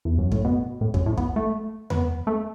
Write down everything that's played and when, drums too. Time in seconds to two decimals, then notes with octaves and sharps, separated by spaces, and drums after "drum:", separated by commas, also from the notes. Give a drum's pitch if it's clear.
0.05 E2
0.18 F#2
0.32 A2, drum: kick
0.45 B2
0.81 A2
0.94 F#2, drum: kick
1.06 A2
1.17 B3, drum: kick
1.36 A3
1.90 B3, drum: tom E2
2.27 A3